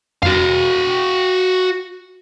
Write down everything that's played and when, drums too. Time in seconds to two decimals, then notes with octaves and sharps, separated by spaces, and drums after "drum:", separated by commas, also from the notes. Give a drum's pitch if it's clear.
0.23 F#4 F5, drum: tom F2